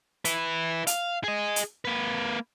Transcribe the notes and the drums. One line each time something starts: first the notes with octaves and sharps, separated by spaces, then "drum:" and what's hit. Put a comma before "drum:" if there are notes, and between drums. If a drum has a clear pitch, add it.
E4 B4, drum: hi-hat
F5, drum: hi-hat
G#4 D#5
drum: hi-hat
A#3 B4